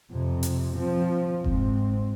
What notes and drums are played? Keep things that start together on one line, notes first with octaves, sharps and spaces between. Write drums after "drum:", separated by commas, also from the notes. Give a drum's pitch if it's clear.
F2 C3
drum: hi-hat
F3 C4
G#2 C4, drum: kick F#1